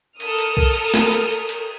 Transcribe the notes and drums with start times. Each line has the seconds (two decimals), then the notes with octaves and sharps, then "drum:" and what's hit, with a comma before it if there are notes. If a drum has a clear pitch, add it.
0.20 A4 A#4 D#6 F6, drum: cymbal
0.38 drum: cymbal
0.57 drum: kick
0.75 drum: cymbal
0.94 drum: snare
1.12 drum: cymbal
1.31 drum: cymbal
1.49 drum: cymbal